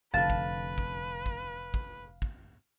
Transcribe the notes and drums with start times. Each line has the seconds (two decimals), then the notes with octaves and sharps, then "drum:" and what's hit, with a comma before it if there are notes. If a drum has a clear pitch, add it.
0.14 F1 F2 D3 B4 F5 A5
0.30 drum: kick
0.78 drum: kick
1.26 drum: kick
1.74 drum: kick
2.22 drum: kick